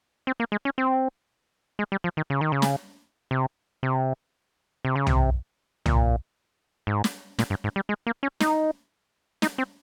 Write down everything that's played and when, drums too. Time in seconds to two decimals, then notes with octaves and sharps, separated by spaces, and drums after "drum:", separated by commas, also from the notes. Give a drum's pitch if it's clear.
0.27 C4
0.40 A#3
0.52 G#3
0.65 C#4
0.78 C4
1.79 G#3
1.92 G3
2.04 F3
2.17 D#3
2.30 C#3
2.41 D#3
2.52 C#3
2.62 drum: snare
3.31 C3
3.83 C3
4.85 C3
4.96 C#3
5.07 C3, drum: tom
5.86 A#2, drum: tom
6.87 G#2
7.04 drum: snare
7.39 A#2, drum: snare
7.50 G2
7.64 G#2
7.76 G3
7.89 G#3
8.07 A#3
8.23 C#4
8.40 D#4, drum: snare
9.42 D#4, drum: snare
9.58 C4